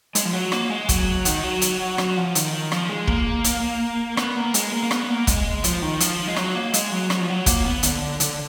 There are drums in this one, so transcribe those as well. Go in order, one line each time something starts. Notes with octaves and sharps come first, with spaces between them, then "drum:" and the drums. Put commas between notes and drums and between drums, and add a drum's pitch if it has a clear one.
G#3, drum: hi-hat
F3
F#3
A#3, drum: rim click
G#3
F#3, drum: kick, hi-hat
D#3, drum: hi-hat
F#3
drum: hi-hat
F#3, drum: rim click
F3
D#3, drum: hi-hat
F3, drum: rim click
G#3
A#3, drum: kick
drum: hi-hat
B3, drum: rim click
A#3
G#3, drum: hi-hat
A#3
A#3
B3, drum: rim click
A#3
G#3, drum: kick, hi-hat
F3, drum: hi-hat
D#3
F3, drum: hi-hat
G#3
F#3, drum: rim click
A#3
G#3, drum: hi-hat
F#3
F#3, drum: rim click
F3
F#3
A#3, drum: kick, hi-hat
B3
D3, drum: hi-hat
D3, drum: hi-hat